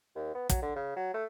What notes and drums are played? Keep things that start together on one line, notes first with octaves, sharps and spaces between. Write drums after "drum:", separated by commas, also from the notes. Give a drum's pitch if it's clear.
D#2
B3
F#3, drum: kick, hi-hat
D3
C#3
F#3
A3